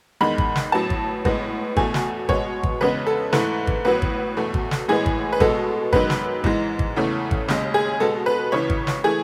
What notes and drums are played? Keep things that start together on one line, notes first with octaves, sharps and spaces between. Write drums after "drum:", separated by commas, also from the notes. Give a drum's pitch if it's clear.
E2 D#3 G#3 B5
drum: kick G#1
drum: snare
A2 F#3 B3 A5
drum: kick G#1
A2 G#3 B3, drum: kick G#1
E2 B2 A3 G#5, drum: kick G#1
drum: snare
B2 G#3 B3 C#5, drum: kick G#1
drum: kick G#1
E2 C#3 G#3 B3 B4
A4
G#2 E3 A3 B4, drum: snare
drum: kick G#1
A2 F#3 B3 B4
drum: kick G#1
E2 B2 A3
drum: kick G#1
drum: snare
A2 E3 G#3 B3 G#4
drum: kick G#1
B4
B2 G#3 B3 A4, drum: kick G#1
F#2 D#3 G#3 B3 B4, drum: kick G#1
drum: snare
G#2 E3 G#3, drum: kick G#1
drum: kick G#1
E2 C#3 E3 A3
drum: kick G#1
D#2 C#3 G#3, drum: snare
G#4
B2 G#3 B3 A4
B4
C#2 C#3 E3 C#5
drum: kick G#1
drum: snare
E3 A3 G#4